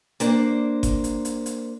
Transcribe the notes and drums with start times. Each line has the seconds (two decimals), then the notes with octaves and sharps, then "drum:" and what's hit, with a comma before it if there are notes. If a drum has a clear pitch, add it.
0.20 A#3 D4 C5, drum: hi-hat
0.83 drum: kick G1, hi-hat
1.04 drum: hi-hat
1.25 drum: hi-hat
1.46 drum: hi-hat